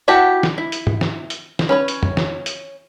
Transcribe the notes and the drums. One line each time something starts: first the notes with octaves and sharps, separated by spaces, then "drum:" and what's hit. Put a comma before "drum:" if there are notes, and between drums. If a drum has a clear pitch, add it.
E4 F#4 G4 F#5 A5
drum: snare
E4
drum: hi-hat
drum: tom
drum: snare
drum: hi-hat
drum: snare
C#4 B4 C#5
drum: hi-hat
drum: tom
drum: snare
drum: hi-hat